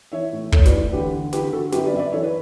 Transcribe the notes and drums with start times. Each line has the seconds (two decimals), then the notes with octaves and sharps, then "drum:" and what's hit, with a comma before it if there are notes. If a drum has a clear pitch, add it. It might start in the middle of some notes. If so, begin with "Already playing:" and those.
0.12 E3 C#5 E5
0.33 A2
0.52 A2 A4 C#5, drum: kick
0.66 B4 D5, drum: snare
0.72 E3
0.92 D3 G4 B4
1.12 D3
1.33 D3 G4 B4, drum: snare
1.52 D3 F#4 A4
1.72 F#2 G4 B4, drum: snare
1.86 B4 D5
1.93 F#2 E5
1.99 B4 D5
2.12 E3 A4 C#5
2.23 B4